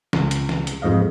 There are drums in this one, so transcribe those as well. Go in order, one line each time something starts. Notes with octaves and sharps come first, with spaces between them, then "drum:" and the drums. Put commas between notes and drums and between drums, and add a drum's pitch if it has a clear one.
C#2, drum: snare
drum: hi-hat
drum: snare
drum: hi-hat
F2 G#2 D#5 F5